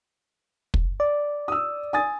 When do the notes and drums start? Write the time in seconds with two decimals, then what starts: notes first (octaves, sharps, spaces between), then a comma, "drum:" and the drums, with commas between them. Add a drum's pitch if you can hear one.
0.74 drum: kick
1.00 D5
1.48 D#6 E6
1.93 G#5 D#6 A6